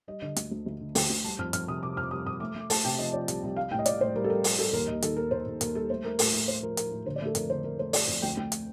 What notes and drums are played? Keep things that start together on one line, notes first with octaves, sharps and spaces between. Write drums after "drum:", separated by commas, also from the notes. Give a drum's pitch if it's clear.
G3 D#5
D3 D#5
D2, drum: hi-hat
D2
D2
D3
D2 G5, drum: open hi-hat
D2
G3 A5
F2 F6
F2 F6, drum: hi-hat
C3 D#6
C3 D6
F2 F6
G3 D#6
F2 D#6
A3 D6
A3
A3 A5, drum: open hi-hat
C3 G5
F3 D#5
F3 D5
C2, drum: hi-hat
C2
G3 F5
A2 G5
D#5
A2 D5, drum: hi-hat
A2 C5
G3 A#4
A4
G3 A#4
G3, drum: open hi-hat
G3 A4
D#2 A#4
D#2 D#5
D#3 A4, drum: hi-hat
D#2 A#4
D#2 C5
D#2
D#2 A#4, drum: hi-hat
G3 A4
A3 C5
A3 A#4
A2 A#4, drum: open hi-hat
A3
A3 C5
F3 A#4
F3 A#4, drum: hi-hat
A2
D3 C5
D5
A3 A4
F2 A#4, drum: hi-hat
D3 C5
A3 A#4
A3 C5
A3 D5, drum: open hi-hat
F2
D2 G5
D2 G5
drum: hi-hat